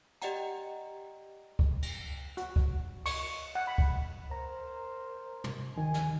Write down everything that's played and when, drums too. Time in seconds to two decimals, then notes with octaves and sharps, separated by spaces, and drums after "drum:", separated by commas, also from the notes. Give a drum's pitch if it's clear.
0.22 G4 D5 D#5 F#5 G5 A#5, drum: hi-hat
1.59 drum: kick C#2
1.82 drum: cymbal
2.37 F#4, drum: hi-hat
2.56 drum: kick C#2
3.06 C#6, drum: cymbal
3.55 F#5
3.67 B5
3.78 drum: kick C#2
4.31 A#4 C5 A#5
5.44 drum: tom
5.76 D2 D#3 G#5
5.94 drum: snare